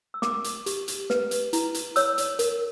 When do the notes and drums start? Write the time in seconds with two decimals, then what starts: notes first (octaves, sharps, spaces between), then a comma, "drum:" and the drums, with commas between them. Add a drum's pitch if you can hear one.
0.14 E6
0.22 A#4 D6, drum: snare
0.44 drum: hi-hat
0.66 G4, drum: hi-hat
0.88 drum: hi-hat
1.10 B4, drum: snare
1.31 drum: hi-hat
1.53 E4, drum: hi-hat
1.74 drum: hi-hat
1.96 C#5 E6, drum: hi-hat
2.18 drum: hi-hat
2.39 A#4, drum: hi-hat